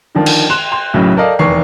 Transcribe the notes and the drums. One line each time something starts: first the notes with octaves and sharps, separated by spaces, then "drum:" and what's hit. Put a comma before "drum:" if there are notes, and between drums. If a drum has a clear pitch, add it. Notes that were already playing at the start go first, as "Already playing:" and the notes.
D3 D#3 F3
drum: cymbal
C6 F#6 E7 F7
C6
B1 F#2 A2 C#3 F#3
A4 A#4 D5 D#5 F5
F1 E2 D#3 C#6 C7